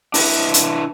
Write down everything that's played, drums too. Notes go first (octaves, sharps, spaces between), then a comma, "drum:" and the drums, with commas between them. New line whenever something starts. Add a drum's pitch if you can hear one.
D4 E4 B4 E5, drum: open hi-hat
drum: hi-hat